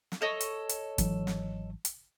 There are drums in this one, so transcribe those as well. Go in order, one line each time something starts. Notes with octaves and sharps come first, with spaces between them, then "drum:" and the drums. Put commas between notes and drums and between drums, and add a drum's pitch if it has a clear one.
drum: snare
A4 C#5 D#5
drum: hi-hat
drum: hi-hat
G#1 E3 F#3, drum: kick, hi-hat
drum: snare
drum: hi-hat